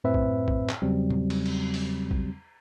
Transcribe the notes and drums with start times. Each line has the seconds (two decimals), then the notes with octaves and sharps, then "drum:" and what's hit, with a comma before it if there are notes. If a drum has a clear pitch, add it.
0.04 F#2 A2 C4 B4 C5 E5
0.14 drum: kick
0.48 drum: kick
0.70 drum: clap
0.82 E2 C#3 F#3 G3 C4
1.10 drum: tom A#2
1.30 drum: cymbal
1.46 drum: cymbal
1.74 drum: open hi-hat
2.11 drum: kick